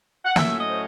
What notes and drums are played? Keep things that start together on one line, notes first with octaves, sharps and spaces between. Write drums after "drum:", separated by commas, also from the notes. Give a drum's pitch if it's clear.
F#5
A2 F#3 A3 C#4 E5, drum: snare
D#5
C5